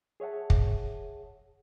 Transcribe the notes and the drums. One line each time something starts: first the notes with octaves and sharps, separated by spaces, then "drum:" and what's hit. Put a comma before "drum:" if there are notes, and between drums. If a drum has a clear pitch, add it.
G#4 C#5 E5 F#5 A5
drum: kick